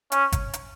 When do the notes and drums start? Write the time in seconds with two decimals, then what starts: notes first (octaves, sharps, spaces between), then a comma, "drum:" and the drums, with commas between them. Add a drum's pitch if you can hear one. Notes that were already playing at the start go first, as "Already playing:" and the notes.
0.12 C#4, drum: hi-hat
0.32 drum: kick G1, hi-hat
0.53 drum: hi-hat